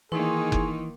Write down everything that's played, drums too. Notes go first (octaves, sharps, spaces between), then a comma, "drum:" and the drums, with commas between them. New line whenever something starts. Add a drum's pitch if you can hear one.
D#3 E3 A#3 D#4 E4 G#4 C6 C#6
drum: kick F#1